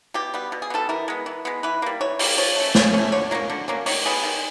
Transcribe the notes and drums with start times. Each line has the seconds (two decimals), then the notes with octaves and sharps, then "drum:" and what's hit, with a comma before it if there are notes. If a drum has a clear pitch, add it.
0.14 B2 G4
0.34 G3 B3
0.52 B2
0.62 G#4
0.70 G3 B3 A4
0.89 E3 A#4
1.08 G#3 B3
1.26 E3
1.45 G#3 B3
1.63 E3 B4
1.82 G3 A#3
2.01 E3 C#5
2.19 G3 A#3, drum: open hi-hat
2.38 F3 C#5
2.56 A3 C#4
2.75 F3 C#5, drum: snare
2.94 A3 C#4
3.12 D3 C#5
3.31 F#3 A#3 C#4
3.50 D3
3.68 F#3 A#3 C#4
3.86 D#3 C#5, drum: open hi-hat
4.05 G3 B3 G#4
4.23 D#3